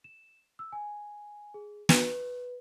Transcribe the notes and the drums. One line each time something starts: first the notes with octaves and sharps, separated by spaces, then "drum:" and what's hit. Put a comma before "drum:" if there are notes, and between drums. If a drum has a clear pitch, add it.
E7
E6
G#5
G#4
B4, drum: snare